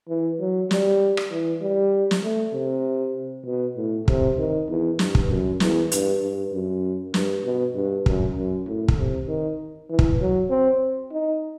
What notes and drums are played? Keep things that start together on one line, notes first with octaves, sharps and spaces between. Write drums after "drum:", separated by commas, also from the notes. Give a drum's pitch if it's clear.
E3
F#3
G3, drum: snare
drum: rim click
E3
G3
drum: snare
A3
C3
B2
A2
C3, drum: kick
D#3
E2
G2, drum: snare
drum: kick
F#2
E2, drum: snare
G2, drum: hi-hat
G2
F#2
G2, drum: snare
B2
G2
F#2, drum: kick
F#2
A2
drum: kick
C3
D#3
E3
drum: kick
F#3
C4
D#4